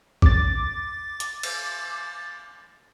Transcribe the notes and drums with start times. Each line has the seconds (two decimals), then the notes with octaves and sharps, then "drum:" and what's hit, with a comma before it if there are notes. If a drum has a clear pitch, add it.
0.22 D6 A6, drum: kick
1.20 drum: hi-hat
1.43 drum: cymbal